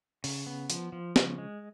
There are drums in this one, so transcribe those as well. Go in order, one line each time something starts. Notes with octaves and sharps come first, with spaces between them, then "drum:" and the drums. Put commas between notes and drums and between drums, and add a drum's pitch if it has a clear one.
C#3, drum: open hi-hat
B3
F3, drum: hi-hat
F3
C#3, drum: snare
G#3